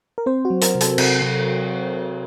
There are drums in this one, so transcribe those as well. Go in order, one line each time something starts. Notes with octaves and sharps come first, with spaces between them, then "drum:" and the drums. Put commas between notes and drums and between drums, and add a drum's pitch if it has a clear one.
A#4
C4 C5
F#4
F#3
A#4, drum: hi-hat
C3
A4, drum: hi-hat
C3 A4, drum: cymbal
C3